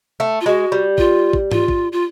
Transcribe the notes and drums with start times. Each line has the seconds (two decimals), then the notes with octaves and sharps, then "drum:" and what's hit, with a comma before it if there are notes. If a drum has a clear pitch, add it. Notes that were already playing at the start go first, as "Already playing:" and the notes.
0.20 A3
0.41 F4
0.46 G#3 F#4
0.72 G3
0.98 F4, drum: kick
1.33 drum: kick
1.52 F4, drum: tom G#2
1.68 drum: kick
1.92 F4